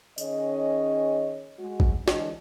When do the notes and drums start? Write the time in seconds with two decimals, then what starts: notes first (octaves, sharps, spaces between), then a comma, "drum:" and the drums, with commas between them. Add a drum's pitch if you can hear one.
0.18 D#3 C#4 G#4 C#5 D#5, drum: tambourine
1.59 G#3 F#4
1.80 drum: kick
2.08 D3 E3 G#3 D4 C#5 D#5, drum: snare